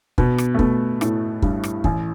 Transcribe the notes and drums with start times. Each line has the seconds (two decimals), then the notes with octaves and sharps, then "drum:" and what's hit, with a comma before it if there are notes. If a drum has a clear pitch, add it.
0.18 B2 B3, drum: kick
0.38 drum: rim click
0.55 A3
0.59 B2 B3, drum: kick
1.01 A2 A3, drum: rim click
1.42 G2 G3, drum: kick
1.64 drum: rim click
1.84 A1 A2, drum: kick